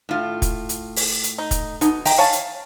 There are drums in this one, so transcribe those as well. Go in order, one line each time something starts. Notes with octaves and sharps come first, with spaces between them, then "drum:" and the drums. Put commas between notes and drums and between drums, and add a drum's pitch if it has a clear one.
A2 F4
drum: kick, hi-hat
drum: hi-hat
drum: open hi-hat
drum: hi-hat
D#4
drum: kick, hi-hat
B2 D#4, drum: hi-hat
D#5 G5 A#5, drum: open hi-hat
C#5 F5 G#5 A5
drum: hi-hat